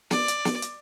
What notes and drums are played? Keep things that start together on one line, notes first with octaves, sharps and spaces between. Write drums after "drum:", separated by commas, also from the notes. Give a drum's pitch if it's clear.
D5, drum: snare
drum: hi-hat
drum: snare
drum: hi-hat